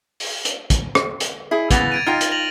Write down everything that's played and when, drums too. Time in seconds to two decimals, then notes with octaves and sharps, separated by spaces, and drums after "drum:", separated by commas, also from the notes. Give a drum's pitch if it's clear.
0.20 drum: open hi-hat
0.45 drum: hi-hat
0.70 drum: kick, hi-hat
0.95 drum: rim click
1.20 drum: hi-hat
1.51 E4 G#4
1.71 C#3 E3 B3 A6 A#6 F7, drum: kick, hi-hat
1.92 G#6 D7 D#7
2.07 D#4 F4 G5 F6 G#6 A#6
2.21 drum: hi-hat
2.32 A#6 F7 F#7